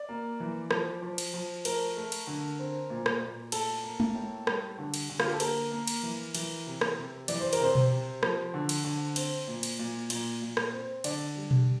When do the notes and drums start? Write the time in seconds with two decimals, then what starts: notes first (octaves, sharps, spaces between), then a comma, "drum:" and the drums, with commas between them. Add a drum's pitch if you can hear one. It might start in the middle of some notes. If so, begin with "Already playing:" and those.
Already playing: D5
0.09 A#3
0.40 E3
0.71 F3, drum: rim click
1.02 F3
1.18 drum: cymbal
1.34 F3
1.65 A3 A#4, drum: cymbal
1.97 A3
2.12 drum: cymbal
2.27 D3
2.59 C4
2.90 A#2
3.06 drum: rim click
3.22 A#2
3.52 A2 A4, drum: cymbal
3.84 A#3
4.00 drum: tom G#3
4.15 A2
4.47 G3, drum: rim click
4.78 D3
4.94 drum: cymbal
5.10 D3
5.20 F4, drum: rim click
5.26 G4
5.33 A4
5.40 A#3 A#4, drum: cymbal
5.72 A#3
5.88 drum: cymbal
6.03 E3
6.35 E3, drum: cymbal
6.66 C3
6.81 drum: rim click
6.97 C3
7.28 E3 D5, drum: cymbal
7.41 C5
7.53 A#4, drum: cymbal
7.59 C3 C5
7.75 drum: tom B2
7.91 C3
8.23 F3, drum: rim click
8.54 D3
8.69 drum: cymbal
8.85 D3
9.16 C4, drum: cymbal
9.47 A#2
9.63 drum: cymbal
9.79 A#2
10.10 A#2, drum: cymbal
10.42 A#2
10.57 drum: rim click
10.73 C4
11.04 D3 D5, drum: cymbal
11.36 G3
11.51 drum: tom B2